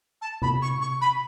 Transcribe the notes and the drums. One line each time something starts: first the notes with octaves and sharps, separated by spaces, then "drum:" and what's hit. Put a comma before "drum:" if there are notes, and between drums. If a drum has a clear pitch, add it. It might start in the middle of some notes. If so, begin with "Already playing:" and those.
A5
B5, drum: tom C3
C#6
C#6
B5